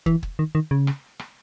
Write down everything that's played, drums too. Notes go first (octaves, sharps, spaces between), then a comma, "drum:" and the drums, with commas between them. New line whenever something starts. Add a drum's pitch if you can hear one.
E3, drum: kick
drum: kick
D#3
D#3
C#3
drum: rim click
drum: rim click